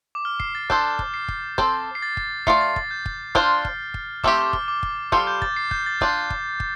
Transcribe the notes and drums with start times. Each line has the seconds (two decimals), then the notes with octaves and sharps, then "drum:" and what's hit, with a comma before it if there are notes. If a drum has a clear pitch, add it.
0.15 D6
0.25 F6
0.40 C7, drum: kick
0.55 A6
0.70 D4 A4 C5 G6, drum: kick
0.99 drum: kick
1.14 C7
1.28 drum: kick
1.58 C4 A4 C5, drum: kick
1.95 C7
2.02 A6
2.17 drum: kick
2.47 A3 F4 D5 C7, drum: kick
2.61 A6
2.76 A6, drum: kick
2.91 G6
3.06 drum: kick
3.35 D4 F4 C5 F6, drum: kick
3.65 drum: kick
3.94 drum: kick
4.24 A3 C4 G4 D6, drum: kick
4.38 D6
4.53 F6, drum: kick
4.68 D6
4.83 drum: kick
5.12 G3 F4 A4 C5 F6, drum: kick
5.27 G6
5.42 A6, drum: kick
5.56 C7
5.71 G6, drum: kick
5.86 A6
6.01 D4 F4 D5 G6, drum: kick
6.30 drum: kick
6.60 drum: kick